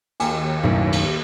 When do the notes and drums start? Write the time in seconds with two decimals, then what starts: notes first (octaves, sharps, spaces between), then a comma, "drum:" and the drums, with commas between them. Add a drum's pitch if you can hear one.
0.20 D#2 G5 G#5, drum: cymbal
0.64 B1 F#2 A2
0.92 drum: cymbal